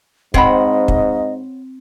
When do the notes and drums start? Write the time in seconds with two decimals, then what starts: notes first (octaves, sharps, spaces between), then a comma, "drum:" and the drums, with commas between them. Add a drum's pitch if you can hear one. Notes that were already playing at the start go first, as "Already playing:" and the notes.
0.34 G#2 C4 C#5 D#5 F#5 B5, drum: kick
0.88 drum: kick